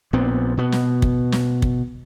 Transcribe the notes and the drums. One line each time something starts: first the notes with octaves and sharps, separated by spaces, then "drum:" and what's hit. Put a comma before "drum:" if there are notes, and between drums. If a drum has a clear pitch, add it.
A#1 A#2 B3 C4
B2 B3
drum: snare
drum: kick
drum: snare
drum: kick